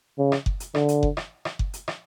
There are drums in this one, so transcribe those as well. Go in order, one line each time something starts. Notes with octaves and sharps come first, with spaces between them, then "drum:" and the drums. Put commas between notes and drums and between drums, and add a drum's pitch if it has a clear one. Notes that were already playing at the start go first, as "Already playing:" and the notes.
C#3
drum: rim click
drum: kick F#1
drum: hi-hat
D3, drum: rim click
drum: hi-hat
drum: kick F#1
drum: rim click
drum: rim click
drum: kick F#1
drum: hi-hat
drum: rim click